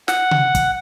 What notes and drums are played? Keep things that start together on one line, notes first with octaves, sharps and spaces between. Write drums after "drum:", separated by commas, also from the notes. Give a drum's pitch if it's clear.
F#5, drum: snare
drum: tom C3
drum: kick, hi-hat